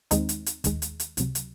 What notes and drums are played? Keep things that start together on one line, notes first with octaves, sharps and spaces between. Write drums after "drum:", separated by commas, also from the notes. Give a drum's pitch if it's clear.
D#2 D#3 G#3 C4 D#4, drum: hi-hat
drum: hi-hat
drum: hi-hat
D#2 D#3 G#3, drum: kick, hi-hat
drum: hi-hat
drum: hi-hat
C#2 C3 F#3, drum: hi-hat
drum: hi-hat